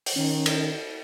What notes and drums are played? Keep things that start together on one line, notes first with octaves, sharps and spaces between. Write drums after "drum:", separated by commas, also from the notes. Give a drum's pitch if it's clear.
drum: open hi-hat
D#3 C#4
drum: cymbal